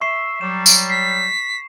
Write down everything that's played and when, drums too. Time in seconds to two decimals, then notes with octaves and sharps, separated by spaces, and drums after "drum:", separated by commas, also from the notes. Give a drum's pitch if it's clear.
0.01 E5 C#6 C7 E7
0.41 F#3 G3 E7
0.66 drum: tambourine
0.90 B6 C7